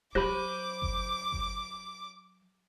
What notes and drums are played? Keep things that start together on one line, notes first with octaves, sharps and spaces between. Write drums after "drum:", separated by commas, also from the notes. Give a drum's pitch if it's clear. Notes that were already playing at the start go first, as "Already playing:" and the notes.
F#3 G4 C5 B5 D6 F#6 A#6
drum: kick G1
drum: kick G1